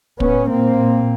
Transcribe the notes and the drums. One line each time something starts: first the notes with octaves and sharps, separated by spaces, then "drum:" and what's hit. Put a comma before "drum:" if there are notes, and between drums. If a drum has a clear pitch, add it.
A2 B3 C#4, drum: kick
A#2 A#3 C4
A#2